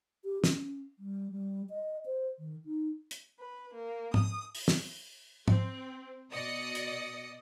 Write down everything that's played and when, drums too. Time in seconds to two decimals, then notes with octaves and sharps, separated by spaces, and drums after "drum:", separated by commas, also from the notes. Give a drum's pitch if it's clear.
0.25 G4
0.44 C#4, drum: snare
0.99 G3
1.31 G3
1.70 D#5
2.06 C5
2.39 D#3
2.65 D#4
3.11 drum: hi-hat
3.39 B4
3.74 A#3
4.14 D#6, drum: tom
4.55 drum: open hi-hat
4.68 drum: snare
5.48 C4, drum: tom
6.31 B2 D5 D#5 D#6 A#6 C#7
6.75 drum: hi-hat